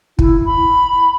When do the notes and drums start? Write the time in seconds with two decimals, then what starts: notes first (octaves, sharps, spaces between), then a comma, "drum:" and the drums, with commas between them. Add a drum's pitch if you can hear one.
0.19 E4, drum: kick
0.45 B5